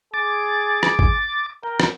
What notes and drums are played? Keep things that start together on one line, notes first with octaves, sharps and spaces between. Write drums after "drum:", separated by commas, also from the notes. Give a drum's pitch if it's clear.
G#4 D6 A6
drum: rim click
drum: kick G#1
A#4 G5
drum: rim click